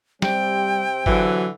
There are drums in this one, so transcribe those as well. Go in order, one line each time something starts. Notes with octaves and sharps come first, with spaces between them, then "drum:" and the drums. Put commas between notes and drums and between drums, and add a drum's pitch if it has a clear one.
C3 G3 C4 G5, drum: snare
D3 E3 F#3, drum: kick